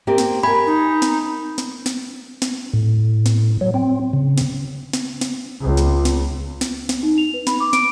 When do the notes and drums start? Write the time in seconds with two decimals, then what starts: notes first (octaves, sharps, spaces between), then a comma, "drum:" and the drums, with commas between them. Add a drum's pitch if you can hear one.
0.07 A#3 C4 G4
0.18 drum: snare
0.43 A#4 G#5 B5
0.66 D#4
1.02 drum: snare
1.58 drum: snare
1.86 drum: snare
2.42 drum: snare
2.74 A2
3.26 drum: snare
3.61 F#3
3.74 C4
4.13 C#3
4.38 drum: snare
4.93 drum: snare
5.21 drum: snare
5.62 C#2
5.77 drum: snare
6.05 drum: snare
6.61 drum: snare
6.89 drum: snare
7.03 D#4
7.18 F7
7.34 B4
7.47 B5, drum: snare
7.60 D6
7.73 D7, drum: snare